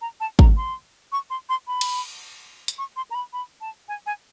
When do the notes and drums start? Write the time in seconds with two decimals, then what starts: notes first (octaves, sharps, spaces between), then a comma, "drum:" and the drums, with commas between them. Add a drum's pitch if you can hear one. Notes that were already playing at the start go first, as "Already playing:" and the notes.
0.01 A#5
0.20 A5
0.39 A#5, drum: kick G#1
0.57 C6
1.12 C#6
1.30 C6
1.49 C6
1.68 B5
1.81 drum: cymbal
2.68 drum: hi-hat
2.78 C#6
2.96 C6
3.11 A#5
3.15 B5
3.33 B5
3.61 A5
3.89 G#5
4.06 G#5